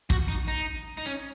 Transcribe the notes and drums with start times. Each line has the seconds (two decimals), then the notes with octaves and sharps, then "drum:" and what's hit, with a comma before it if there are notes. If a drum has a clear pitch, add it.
0.10 F#4, drum: kick
0.28 D#4
0.48 D#4
0.97 D#4
1.06 C#4